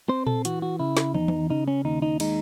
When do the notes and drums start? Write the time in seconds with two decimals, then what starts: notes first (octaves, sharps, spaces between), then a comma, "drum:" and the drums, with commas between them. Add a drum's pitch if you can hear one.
0.09 C4 C5
0.27 A4, drum: tom A#2
0.45 E3 F#4, drum: hi-hat
0.62 F#4
0.79 C#3 E4
0.97 drum: snare
1.14 E2 D#4, drum: tom
1.28 drum: tom D#3
1.50 C#3 D#4
1.68 C#4
1.85 D#2 D#4
2.02 D#4
2.20 G#3 D#4, drum: cymbal